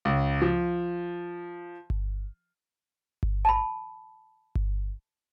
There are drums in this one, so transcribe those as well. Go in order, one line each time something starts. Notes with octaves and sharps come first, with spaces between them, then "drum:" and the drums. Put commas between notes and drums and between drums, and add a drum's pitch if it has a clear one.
C#2
F3
drum: kick G1
drum: kick G1
A5 B5
drum: kick G1